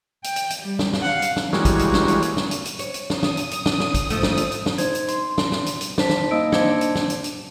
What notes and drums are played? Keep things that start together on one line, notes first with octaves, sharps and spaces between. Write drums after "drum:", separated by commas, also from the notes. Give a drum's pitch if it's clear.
G5, drum: hi-hat
drum: hi-hat
drum: hi-hat
G3
drum: snare
drum: snare
F5 F#5
drum: hi-hat
drum: snare
E3 G3 G#3 A#3 F#4 C#5, drum: snare
drum: kick, hi-hat
drum: hi-hat
drum: snare
drum: hi-hat
drum: hi-hat
drum: snare
drum: hi-hat
drum: hi-hat
C#5, drum: hi-hat
drum: hi-hat
D#6, drum: snare
drum: snare
drum: hi-hat
drum: hi-hat
drum: snare
drum: snare
drum: kick, hi-hat
G#2 F3 A3, drum: hi-hat
drum: snare
drum: hi-hat
drum: hi-hat
drum: snare
D#4 C5 G#6, drum: hi-hat
drum: hi-hat
C6, drum: hi-hat
drum: snare
drum: snare
drum: hi-hat
drum: hi-hat
D#4 C5 A5 B6, drum: snare
drum: snare
A#3 D#4 D#5 D#6 E6 D7
D4 C5 A5 D6 G#6 C#7, drum: snare
drum: hi-hat
drum: snare
drum: hi-hat
drum: hi-hat